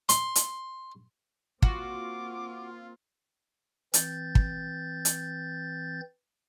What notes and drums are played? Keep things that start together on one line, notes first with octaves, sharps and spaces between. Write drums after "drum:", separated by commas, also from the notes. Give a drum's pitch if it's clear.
C6, drum: hi-hat
drum: hi-hat
A#3 C4 F4 F#4 D6, drum: kick
E3 C4 G6 A6, drum: hi-hat
drum: kick
drum: hi-hat